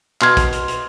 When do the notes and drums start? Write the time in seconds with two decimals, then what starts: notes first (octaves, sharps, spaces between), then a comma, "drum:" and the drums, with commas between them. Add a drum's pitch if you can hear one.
0.21 B2 C6 F6 G#6, drum: clap
0.37 drum: kick, hi-hat
0.52 drum: hi-hat
0.68 drum: hi-hat